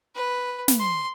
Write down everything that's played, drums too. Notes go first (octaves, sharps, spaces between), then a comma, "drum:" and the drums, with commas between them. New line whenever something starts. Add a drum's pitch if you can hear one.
B4
drum: snare
C6